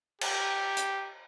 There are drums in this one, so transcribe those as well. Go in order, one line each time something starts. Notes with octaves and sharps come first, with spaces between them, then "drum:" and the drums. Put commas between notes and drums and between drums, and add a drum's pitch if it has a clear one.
G4, drum: cymbal
drum: hi-hat